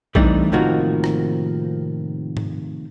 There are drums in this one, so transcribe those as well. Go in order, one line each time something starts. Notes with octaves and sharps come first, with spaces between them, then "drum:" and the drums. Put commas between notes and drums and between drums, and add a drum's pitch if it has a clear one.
E3 G3 A3 C4 D4 D#4, drum: kick
A2 C3 D#3 F3 A#3 F#4
drum: rim click
drum: tom G#2